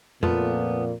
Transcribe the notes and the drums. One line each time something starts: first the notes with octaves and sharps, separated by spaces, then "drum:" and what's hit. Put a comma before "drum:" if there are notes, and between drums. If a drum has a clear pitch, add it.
F2 A#2 A3 B3 F4, drum: tom F2